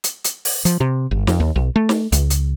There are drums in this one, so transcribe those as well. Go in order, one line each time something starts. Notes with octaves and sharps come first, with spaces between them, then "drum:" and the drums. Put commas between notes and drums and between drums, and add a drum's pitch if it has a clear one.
drum: hi-hat
drum: hi-hat
drum: open hi-hat
F3, drum: hi-hat
C3
G1
F2, drum: snare
D#2
B1
A3
drum: snare
C#2, drum: hi-hat
drum: hi-hat